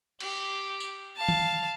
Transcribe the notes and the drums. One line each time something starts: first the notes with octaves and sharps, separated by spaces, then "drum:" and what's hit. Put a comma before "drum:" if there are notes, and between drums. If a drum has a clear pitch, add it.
G4, drum: cymbal
drum: tambourine
F5 A5
drum: tom D#3